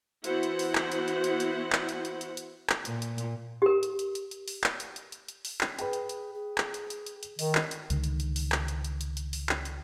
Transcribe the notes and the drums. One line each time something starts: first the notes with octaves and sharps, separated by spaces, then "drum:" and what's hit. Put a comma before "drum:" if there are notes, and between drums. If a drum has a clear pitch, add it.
E3 B3 E4 F#4 C5 F#5, drum: hi-hat
drum: hi-hat
drum: open hi-hat
drum: clap
drum: hi-hat
drum: hi-hat
drum: hi-hat
drum: hi-hat
drum: clap
drum: hi-hat
drum: hi-hat
drum: hi-hat
drum: hi-hat
drum: clap
A#2, drum: hi-hat
drum: hi-hat
drum: hi-hat
G4 A#4
drum: hi-hat
drum: hi-hat
drum: hi-hat
drum: hi-hat
drum: open hi-hat
drum: clap
drum: hi-hat
drum: hi-hat
drum: hi-hat
drum: hi-hat
drum: open hi-hat
drum: clap
G#4 B4 G5, drum: hi-hat
drum: hi-hat
drum: hi-hat
G#4
drum: clap
drum: hi-hat
drum: hi-hat
drum: hi-hat
drum: hi-hat
D#3 D#5, drum: open hi-hat
drum: clap
drum: hi-hat
C#2 D3 D#3, drum: hi-hat
drum: hi-hat
drum: hi-hat
drum: open hi-hat
drum: clap
drum: hi-hat
drum: hi-hat
drum: hi-hat
drum: hi-hat
drum: open hi-hat
drum: clap
drum: hi-hat